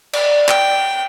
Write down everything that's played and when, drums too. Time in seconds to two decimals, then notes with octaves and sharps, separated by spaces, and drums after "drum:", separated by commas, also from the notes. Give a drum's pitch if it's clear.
0.13 D5, drum: cymbal
0.49 G5, drum: clap